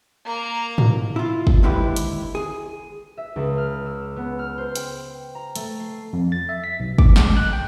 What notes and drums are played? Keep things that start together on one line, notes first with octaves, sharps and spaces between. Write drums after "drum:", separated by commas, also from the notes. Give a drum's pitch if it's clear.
A#3 A#5
drum: tom G#2
E4 F4
drum: kick
D#2 G#2 D3 E4 G4 B4
drum: hi-hat
G#4
E5
C#2
F6
E6
B3
F6
C5
G5, drum: hi-hat
A#5
A3, drum: hi-hat
C7
F2
A6
E5
B6
B1
D6, drum: kick
G#3, drum: snare
F#6
G5